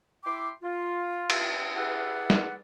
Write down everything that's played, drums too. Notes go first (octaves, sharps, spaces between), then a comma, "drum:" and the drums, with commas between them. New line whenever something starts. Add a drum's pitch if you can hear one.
E4 E5 G5 C6 D6
F4
drum: cymbal
E4 G#4 B4 D5 E5 F#5
drum: snare